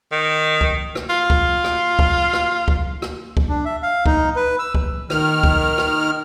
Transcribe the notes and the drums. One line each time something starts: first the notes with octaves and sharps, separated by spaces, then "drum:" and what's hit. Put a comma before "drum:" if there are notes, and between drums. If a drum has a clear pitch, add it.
D#3
drum: kick C#2
drum: rim click
F4
drum: kick C#2
drum: rim click
drum: kick C#2
drum: rim click
drum: kick C#2
drum: rim click
drum: kick C#2
D4
E5
F5
D#4, drum: kick C#2
B4
E6
drum: kick C#2
D#3 F6, drum: rim click
drum: kick C#2
drum: rim click